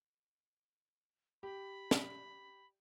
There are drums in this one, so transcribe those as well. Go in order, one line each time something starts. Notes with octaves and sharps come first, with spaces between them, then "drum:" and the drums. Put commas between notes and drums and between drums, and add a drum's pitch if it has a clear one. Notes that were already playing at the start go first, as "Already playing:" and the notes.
G4 B5
drum: snare